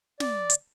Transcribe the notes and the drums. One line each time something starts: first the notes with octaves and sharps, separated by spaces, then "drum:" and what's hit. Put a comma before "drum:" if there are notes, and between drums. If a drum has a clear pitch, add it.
D5, drum: snare
drum: hi-hat